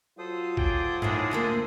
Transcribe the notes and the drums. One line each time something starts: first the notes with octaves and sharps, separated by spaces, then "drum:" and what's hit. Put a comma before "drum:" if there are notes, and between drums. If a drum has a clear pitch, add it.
F#3 F4 A4 C5 D#6
G#4 D5 G5, drum: kick A1
A2 D3 D#3 G#3 D4 G#4, drum: tom G2
D2 D3 A#3